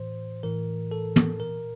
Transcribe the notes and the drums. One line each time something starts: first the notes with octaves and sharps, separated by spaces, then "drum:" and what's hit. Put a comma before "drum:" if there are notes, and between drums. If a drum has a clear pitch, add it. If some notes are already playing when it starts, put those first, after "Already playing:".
Already playing: A2 E3 C5
A2 E3 A#4
A4
drum: tom
A#2 A#4